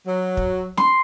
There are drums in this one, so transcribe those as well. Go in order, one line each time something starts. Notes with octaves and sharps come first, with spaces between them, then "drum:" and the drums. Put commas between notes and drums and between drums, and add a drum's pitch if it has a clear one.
F#3
drum: kick
C6, drum: snare